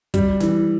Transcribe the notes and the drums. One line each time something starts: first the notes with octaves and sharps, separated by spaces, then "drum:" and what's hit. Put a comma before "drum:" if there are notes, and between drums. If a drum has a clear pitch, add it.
G3, drum: kick, hi-hat
E3, drum: snare